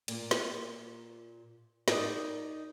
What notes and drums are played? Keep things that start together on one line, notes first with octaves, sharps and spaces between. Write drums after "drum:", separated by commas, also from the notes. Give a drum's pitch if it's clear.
A#2 A#3, drum: cymbal
drum: snare
B3 D#4 A#4 D5 D#5, drum: snare